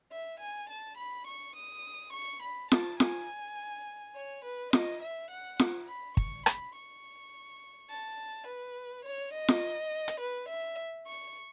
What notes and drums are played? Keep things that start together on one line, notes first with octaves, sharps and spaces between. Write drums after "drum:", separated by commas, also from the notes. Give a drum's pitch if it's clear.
E5
G#5
A5
B5
C#6
D#6
C#6
B5
A5, drum: snare F4
G#5, drum: snare F4
C#5
B4
D#5, drum: snare F4
E5
F#5
drum: snare F4
B5
C#6, drum: kick
B5, drum: rim click
C#6
A5
B4
C#5
D#5
drum: snare F4
drum: hi-hat
B4
E5
C#6